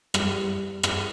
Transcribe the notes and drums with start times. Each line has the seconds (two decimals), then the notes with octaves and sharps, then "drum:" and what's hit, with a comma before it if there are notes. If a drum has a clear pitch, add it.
0.14 G3, drum: rim click
0.83 drum: rim click